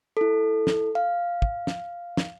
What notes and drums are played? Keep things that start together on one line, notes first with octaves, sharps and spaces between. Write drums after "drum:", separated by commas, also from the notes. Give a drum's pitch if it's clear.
E4 A4
drum: snare
F5
drum: kick
drum: snare
drum: snare